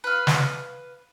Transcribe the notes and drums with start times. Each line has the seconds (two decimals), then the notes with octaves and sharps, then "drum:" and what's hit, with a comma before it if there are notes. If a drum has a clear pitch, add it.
0.04 B4 F5
0.27 drum: snare